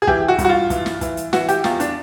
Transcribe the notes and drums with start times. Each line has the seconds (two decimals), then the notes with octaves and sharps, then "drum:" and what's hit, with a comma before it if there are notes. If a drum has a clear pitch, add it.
0.02 G#4
0.07 E3 G4, drum: kick
0.28 F#4
0.39 G2, drum: kick, hi-hat
0.45 F#4
0.49 F4
0.70 E3, drum: kick, hi-hat
0.86 drum: snare
1.01 E3, drum: kick, hi-hat
1.17 drum: hi-hat
1.33 E3 F#4, drum: snare
1.49 G4, drum: hi-hat
1.64 E2 F4, drum: snare
1.80 D4, drum: hi-hat